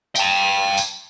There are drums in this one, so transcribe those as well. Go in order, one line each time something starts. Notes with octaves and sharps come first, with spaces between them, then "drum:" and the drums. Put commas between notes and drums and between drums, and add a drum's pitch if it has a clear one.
G5 A5, drum: tambourine
drum: tambourine